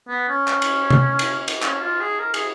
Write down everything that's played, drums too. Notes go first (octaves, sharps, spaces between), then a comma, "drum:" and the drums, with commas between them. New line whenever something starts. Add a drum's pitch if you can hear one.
B3
C#4
drum: clap
drum: cymbal
drum: tom C3
drum: cymbal
drum: cymbal
C#4, drum: clap
F4
G#4
A#4
G#4, drum: cymbal